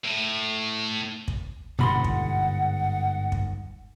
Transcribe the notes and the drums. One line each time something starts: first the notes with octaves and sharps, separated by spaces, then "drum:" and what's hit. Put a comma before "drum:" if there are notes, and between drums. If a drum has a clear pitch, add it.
A2
drum: kick
G1 G#2 B2 F#5 B5 C6
drum: kick
drum: kick